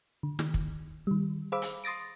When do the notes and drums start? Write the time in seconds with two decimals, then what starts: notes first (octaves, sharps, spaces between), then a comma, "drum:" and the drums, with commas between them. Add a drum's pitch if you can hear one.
0.23 D3
0.39 D#3, drum: snare
0.54 drum: kick
1.07 D#3 G3
1.52 G#4 C5 F5 B5 D6 E6
1.62 drum: hi-hat
1.84 C6 D#6 A6 A#6 D7